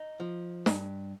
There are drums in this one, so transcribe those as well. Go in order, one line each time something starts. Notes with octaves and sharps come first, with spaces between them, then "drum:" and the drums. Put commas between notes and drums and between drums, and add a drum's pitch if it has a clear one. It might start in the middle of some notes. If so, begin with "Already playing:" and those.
Already playing: D#4
F3
G2, drum: snare